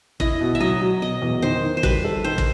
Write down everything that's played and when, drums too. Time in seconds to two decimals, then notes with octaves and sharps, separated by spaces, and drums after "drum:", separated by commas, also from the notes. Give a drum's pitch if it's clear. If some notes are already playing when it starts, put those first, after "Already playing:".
0.20 E4 D#5, drum: kick
0.41 B2
0.55 E5
0.60 F#3 D#5
0.81 F#3
1.02 B2 D#5
1.22 E2
1.42 D#3 C5
1.64 D#3
1.77 C5
1.83 G3 B4, drum: kick
2.04 A4
2.24 D#3 C5
2.38 drum: kick